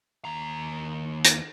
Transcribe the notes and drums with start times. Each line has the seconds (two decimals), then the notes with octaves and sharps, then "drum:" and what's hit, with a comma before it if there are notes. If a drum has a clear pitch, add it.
0.25 D#2 A#5
1.25 drum: hi-hat